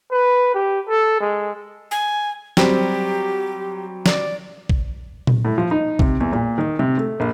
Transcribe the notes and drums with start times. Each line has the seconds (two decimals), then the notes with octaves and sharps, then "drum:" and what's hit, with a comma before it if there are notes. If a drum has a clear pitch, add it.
0.11 B4
0.54 G4
0.89 A4
1.20 G#3
1.91 G#5
2.57 F#3 G3 C4 G4, drum: snare
4.06 D5, drum: snare
4.69 drum: kick A#1
5.27 drum: tom A#2
5.45 A2
5.58 F3
5.71 D#4
5.99 C3, drum: kick A#1
6.20 E2
6.33 A#2
6.58 D#3
6.79 C3
6.97 A3
7.20 A#1